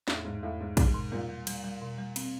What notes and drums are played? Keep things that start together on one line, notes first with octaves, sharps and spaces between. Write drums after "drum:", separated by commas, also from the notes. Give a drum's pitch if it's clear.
E2 A2, drum: snare
E2 G#2
E2 A2
E2 G#2
E2 G#2, drum: kick, cymbal
B2
A#2 G3
G3
G3, drum: cymbal
G3
B2
G3
C4, drum: cymbal